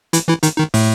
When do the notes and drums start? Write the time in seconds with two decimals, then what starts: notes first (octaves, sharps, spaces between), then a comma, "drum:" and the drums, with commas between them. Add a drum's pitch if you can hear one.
0.13 E3 E4, drum: hi-hat
0.28 E3 E4
0.43 D#3 D#4, drum: hi-hat
0.58 D#3 D#4
0.74 A2 A3, drum: open hi-hat